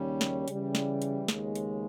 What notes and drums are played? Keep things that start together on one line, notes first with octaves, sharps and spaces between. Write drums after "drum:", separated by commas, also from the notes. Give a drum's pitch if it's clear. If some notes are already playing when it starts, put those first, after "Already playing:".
Already playing: D#2 C#3 G3 C#4
drum: snare
C#3 E3 G3, drum: hi-hat
drum: snare
drum: hi-hat
D#2 C#3 G#3 B3, drum: snare
drum: hi-hat